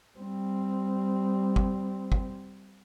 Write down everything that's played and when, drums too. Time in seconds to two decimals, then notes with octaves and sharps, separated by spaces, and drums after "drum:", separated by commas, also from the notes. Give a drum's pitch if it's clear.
0.18 G3 C4
1.56 drum: kick
2.12 drum: kick